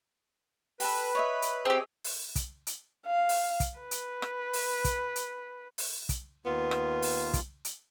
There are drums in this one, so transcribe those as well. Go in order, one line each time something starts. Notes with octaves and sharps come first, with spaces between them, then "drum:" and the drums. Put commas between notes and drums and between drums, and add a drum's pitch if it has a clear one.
G4 A4 B4, drum: open hi-hat
C#5 D#5 E5
drum: hi-hat
C4 G4 G#4
drum: open hi-hat
drum: kick, hi-hat
drum: hi-hat
F5
drum: open hi-hat
drum: kick, hi-hat
B4
drum: hi-hat
drum: rim click
drum: open hi-hat
drum: kick, hi-hat
drum: hi-hat
drum: open hi-hat
drum: kick, hi-hat
D#2 B3 F4
drum: rim click
drum: open hi-hat
drum: kick, hi-hat
drum: hi-hat